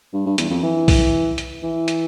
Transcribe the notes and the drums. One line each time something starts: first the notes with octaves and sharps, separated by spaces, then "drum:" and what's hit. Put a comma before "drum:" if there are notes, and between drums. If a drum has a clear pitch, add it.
G2
G2
E2, drum: hi-hat
F2
E3
drum: kick B1, open hi-hat
drum: hi-hat
E3
drum: hi-hat